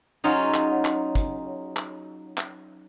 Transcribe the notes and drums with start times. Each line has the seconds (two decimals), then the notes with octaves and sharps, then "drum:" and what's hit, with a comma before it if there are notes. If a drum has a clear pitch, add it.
0.24 F#3 C#4 D#4 F4 G#4
0.54 drum: clap
0.85 drum: clap
1.15 drum: kick, hi-hat
1.76 drum: clap
2.38 drum: clap